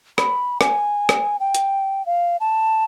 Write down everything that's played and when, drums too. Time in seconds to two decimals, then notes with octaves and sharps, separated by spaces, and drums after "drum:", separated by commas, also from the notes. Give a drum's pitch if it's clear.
0.18 B5, drum: rim click
0.61 G#5, drum: rim click
1.09 drum: rim click
1.40 G5
1.55 drum: hi-hat
2.06 F5
2.40 A5